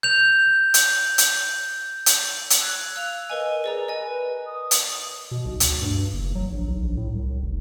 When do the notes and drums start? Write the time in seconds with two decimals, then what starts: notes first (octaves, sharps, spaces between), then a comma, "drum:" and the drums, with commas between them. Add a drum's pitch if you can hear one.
0.03 G6 F7
0.74 drum: hi-hat
1.18 drum: hi-hat
2.06 drum: hi-hat
2.50 drum: hi-hat
2.61 E6 F#6 G#6
2.96 F5 E6 F#6 F7
3.30 A#4 B4 D#5 G#5
3.64 G#4 B4 D5 A#5
3.88 B4 D#5 G#5
4.46 D#6
4.71 drum: hi-hat
5.31 B2
5.45 B1
5.60 D2, drum: hi-hat
5.81 G2
6.13 F#1
6.35 F#3
6.52 A#1
6.68 B1
6.83 A#1
6.97 A2
7.13 C2
7.42 F1